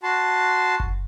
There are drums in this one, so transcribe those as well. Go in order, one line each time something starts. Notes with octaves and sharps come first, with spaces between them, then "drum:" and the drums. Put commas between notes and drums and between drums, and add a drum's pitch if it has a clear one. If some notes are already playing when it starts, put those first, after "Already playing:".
F#4 A5 C6
drum: kick F#1